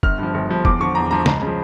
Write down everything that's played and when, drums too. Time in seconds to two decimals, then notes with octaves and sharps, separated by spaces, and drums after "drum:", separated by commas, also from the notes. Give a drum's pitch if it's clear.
0.03 G1 F6, drum: kick
0.18 G2 F3
0.34 G1
0.49 G2 F3
0.65 E2 D6, drum: kick
0.80 D3 F3 C#6
0.95 E2 A#5
1.10 D3 F3 A#5
1.26 C#2 A#5, drum: snare
1.42 C#3
1.47 F3